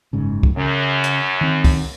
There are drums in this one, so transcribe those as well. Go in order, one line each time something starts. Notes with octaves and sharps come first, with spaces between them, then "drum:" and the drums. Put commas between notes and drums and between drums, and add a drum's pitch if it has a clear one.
F#1 G#2 C#3
drum: kick C#2
F#2 C#3
drum: hi-hat
D#3 C4
drum: kick C#2, open hi-hat